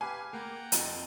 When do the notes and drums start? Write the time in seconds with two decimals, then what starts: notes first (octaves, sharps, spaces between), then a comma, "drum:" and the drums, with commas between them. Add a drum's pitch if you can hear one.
0.01 G4 B4 F5 G#5
0.33 A#3 F#5 G5 A#5
0.72 F2 F3, drum: hi-hat